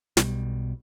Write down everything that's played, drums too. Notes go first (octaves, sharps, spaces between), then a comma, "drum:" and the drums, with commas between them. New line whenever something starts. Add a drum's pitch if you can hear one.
B1 B2 G3, drum: snare